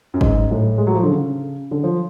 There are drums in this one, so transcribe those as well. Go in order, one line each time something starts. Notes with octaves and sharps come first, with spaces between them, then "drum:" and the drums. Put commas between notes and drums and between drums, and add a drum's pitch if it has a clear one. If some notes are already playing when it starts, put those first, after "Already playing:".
F#2
G#2, drum: kick G1
A2
G#3
F#3
F3
D3
C#3
D3
F3